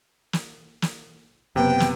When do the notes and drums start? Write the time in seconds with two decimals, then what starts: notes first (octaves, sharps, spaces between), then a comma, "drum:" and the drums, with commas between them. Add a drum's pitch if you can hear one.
0.33 drum: snare
0.82 drum: snare
1.56 F#1 C3 B3 G5
1.80 drum: snare